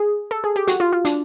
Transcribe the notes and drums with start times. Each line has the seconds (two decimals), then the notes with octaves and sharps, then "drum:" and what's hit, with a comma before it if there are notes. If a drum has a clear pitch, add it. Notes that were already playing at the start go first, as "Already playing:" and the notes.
Already playing: G#4
0.31 A4
0.44 G#4
0.56 G4
0.68 F#4, drum: hi-hat
0.80 F4
0.93 F4
1.05 D4, drum: hi-hat